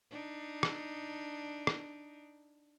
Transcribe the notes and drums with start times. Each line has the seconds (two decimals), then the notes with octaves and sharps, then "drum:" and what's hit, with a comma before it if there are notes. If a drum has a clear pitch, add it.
0.11 D4 D#4
0.63 drum: rim click
1.67 drum: rim click